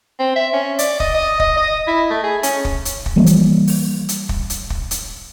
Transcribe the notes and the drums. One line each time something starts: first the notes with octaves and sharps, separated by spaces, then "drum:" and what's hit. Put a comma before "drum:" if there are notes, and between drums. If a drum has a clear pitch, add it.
C4
E5
C#4
D5, drum: hi-hat
D#5, drum: kick
D#5
D#5, drum: kick
D#5
E4
A3
G#4
C#4, drum: hi-hat
drum: kick
drum: hi-hat
drum: kick
E3 F3 G3 A#3
drum: hi-hat
drum: open hi-hat
drum: hi-hat
drum: kick
drum: hi-hat
drum: kick
drum: hi-hat